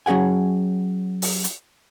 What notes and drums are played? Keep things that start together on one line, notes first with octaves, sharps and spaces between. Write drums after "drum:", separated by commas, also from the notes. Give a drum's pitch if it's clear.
F#3 C#4 G#4 F#5 G#5
drum: open hi-hat
drum: hi-hat